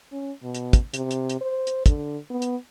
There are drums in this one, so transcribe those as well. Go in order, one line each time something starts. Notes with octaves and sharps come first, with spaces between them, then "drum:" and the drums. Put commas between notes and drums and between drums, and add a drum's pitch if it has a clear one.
C#4
B2
drum: hi-hat
drum: kick, hi-hat
C3, drum: hi-hat
drum: hi-hat
drum: hi-hat
C5
drum: hi-hat
D3, drum: kick, hi-hat
B3
drum: hi-hat